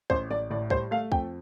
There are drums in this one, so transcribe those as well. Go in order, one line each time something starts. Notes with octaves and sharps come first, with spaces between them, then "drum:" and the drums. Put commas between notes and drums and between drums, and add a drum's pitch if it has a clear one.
A1 C5, drum: kick
A1 D5
A2 D5
G3 C5, drum: kick
A3 F5
F2 G5, drum: kick